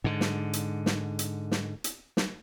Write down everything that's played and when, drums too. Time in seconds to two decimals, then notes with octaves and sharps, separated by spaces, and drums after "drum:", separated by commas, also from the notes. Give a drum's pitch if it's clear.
0.04 G#2 D3
0.21 drum: snare
0.53 drum: hi-hat
0.86 drum: snare
1.19 drum: hi-hat
1.51 drum: snare
1.84 drum: hi-hat
2.17 drum: snare